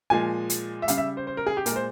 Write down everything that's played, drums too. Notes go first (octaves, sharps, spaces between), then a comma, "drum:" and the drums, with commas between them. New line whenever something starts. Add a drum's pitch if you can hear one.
A#2 F3 G#3 G#5
drum: hi-hat
E5
C#3 G3 F5, drum: hi-hat
E5
C5
C5
A#4
G#4
G4
A#2 A#4, drum: hi-hat
G#3 C5